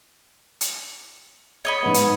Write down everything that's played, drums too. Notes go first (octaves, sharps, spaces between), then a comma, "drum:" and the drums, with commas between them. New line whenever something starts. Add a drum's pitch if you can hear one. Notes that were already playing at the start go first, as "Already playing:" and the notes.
drum: hi-hat
C#5 D#5 B5
G#2 B3
drum: hi-hat